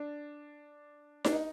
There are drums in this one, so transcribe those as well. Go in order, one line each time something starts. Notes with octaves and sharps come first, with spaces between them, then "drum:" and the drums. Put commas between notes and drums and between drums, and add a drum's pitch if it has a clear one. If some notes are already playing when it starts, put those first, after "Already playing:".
Already playing: D4
D4, drum: snare D#4
D#4